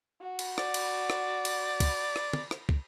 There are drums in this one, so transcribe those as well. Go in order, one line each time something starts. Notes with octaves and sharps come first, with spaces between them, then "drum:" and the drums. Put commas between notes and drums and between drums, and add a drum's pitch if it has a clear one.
F#4
drum: cymbal
D5, drum: rim click
drum: cymbal
drum: rim click
drum: cymbal
drum: kick, cymbal
drum: rim click
drum: tom
drum: rim click
drum: kick